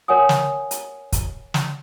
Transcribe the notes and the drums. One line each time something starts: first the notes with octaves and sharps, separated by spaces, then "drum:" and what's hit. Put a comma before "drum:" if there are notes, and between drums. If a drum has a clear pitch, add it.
A#4 C#5 F#5 G#5 D#6
drum: snare
drum: hi-hat
drum: kick, hi-hat
drum: snare